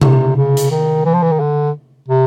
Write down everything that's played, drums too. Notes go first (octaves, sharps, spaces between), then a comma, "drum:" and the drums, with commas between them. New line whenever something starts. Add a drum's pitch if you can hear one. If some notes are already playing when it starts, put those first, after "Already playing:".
C3, drum: tom C3
C#3
drum: hi-hat
D#3
E3
F3
E3
D#3
D3
C3